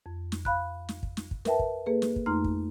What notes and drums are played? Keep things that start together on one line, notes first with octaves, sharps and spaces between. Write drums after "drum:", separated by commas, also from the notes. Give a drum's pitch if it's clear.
F2
drum: snare
F5 B5 F#6, drum: kick
drum: snare
drum: kick
drum: snare
drum: kick
A#4 B4 E5 G5 A5, drum: snare
drum: kick
A#3 G#4 A4 B4
drum: snare
drum: kick
F2 A3 D#4 A#5 C6 F6
drum: kick